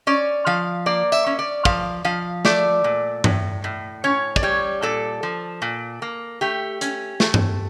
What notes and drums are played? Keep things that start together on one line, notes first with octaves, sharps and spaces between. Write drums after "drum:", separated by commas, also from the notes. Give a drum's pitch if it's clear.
C#4 D5
F3 F5
A#3 D5
E5, drum: tambourine
C#4
D5
F3 F5, drum: kick
F3 F5
A3 D5, drum: snare
A#2
A2, drum: tom G2
A2
C#4 C#5
D5, drum: kick
G3 C#5
A#2 A4
F3
A#2
A#3
A3 G4
C#4, drum: hi-hat
A3, drum: snare
drum: tom G2